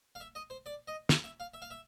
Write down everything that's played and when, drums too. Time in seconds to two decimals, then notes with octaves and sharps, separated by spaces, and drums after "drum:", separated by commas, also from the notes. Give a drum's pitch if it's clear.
0.15 F5
0.20 E5
0.35 D#5
0.50 C5
0.66 D5
0.88 D#5
1.09 E5, drum: snare
1.24 E5
1.40 F5
1.54 E5
1.62 F5
1.70 E5